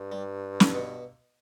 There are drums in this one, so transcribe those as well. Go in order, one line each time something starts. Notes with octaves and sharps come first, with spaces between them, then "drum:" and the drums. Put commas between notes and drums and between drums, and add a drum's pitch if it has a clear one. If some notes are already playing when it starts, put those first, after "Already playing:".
Already playing: G2
G3
drum: snare
B2